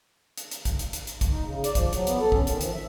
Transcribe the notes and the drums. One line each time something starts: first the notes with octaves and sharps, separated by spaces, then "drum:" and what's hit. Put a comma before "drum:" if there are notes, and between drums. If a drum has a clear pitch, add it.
drum: hi-hat
drum: hi-hat
drum: kick, hi-hat
drum: hi-hat
drum: hi-hat
drum: hi-hat
drum: kick, hi-hat
D#4
C#3
D5, drum: hi-hat
F3, drum: kick, hi-hat
F#3, drum: hi-hat
B3, drum: hi-hat
A4
C#4, drum: kick
D#3, drum: hi-hat
F3, drum: hi-hat
E5